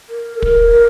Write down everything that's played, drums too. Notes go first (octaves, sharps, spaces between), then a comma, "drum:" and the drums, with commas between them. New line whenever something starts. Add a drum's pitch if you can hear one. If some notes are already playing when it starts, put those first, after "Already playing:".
A#4
A4
A#4, drum: kick